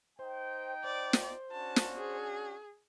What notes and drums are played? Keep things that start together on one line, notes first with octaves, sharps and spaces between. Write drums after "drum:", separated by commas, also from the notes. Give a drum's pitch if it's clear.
D#4 C5 G5
C5 D5
drum: snare
C#4 D4 F#4 A5
drum: snare
G#4